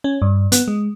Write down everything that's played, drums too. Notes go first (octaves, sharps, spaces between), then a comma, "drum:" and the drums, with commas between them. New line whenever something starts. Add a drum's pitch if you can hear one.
C#4
G2
B3, drum: hi-hat
G#3